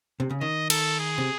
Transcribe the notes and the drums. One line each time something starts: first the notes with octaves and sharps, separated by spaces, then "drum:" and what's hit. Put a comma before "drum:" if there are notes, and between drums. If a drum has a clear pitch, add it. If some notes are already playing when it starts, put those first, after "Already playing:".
C3
C#3
D#3 D#5
A4, drum: cymbal
G#4
C3